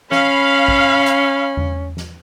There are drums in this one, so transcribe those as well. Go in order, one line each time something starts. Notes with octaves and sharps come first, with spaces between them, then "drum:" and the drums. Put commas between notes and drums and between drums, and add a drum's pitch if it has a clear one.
C#4 F5 B5, drum: snare
drum: kick
drum: hi-hat
drum: tom E2
drum: snare